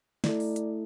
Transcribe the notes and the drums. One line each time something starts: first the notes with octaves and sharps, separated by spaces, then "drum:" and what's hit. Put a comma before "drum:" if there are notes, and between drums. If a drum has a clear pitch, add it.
A3 E4 A4 D5, drum: snare
drum: open hi-hat
drum: hi-hat